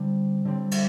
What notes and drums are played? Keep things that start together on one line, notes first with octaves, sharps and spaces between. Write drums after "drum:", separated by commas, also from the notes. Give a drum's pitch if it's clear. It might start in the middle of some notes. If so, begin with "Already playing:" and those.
Already playing: D3 G3 C4
D3 G3 C4
drum: cymbal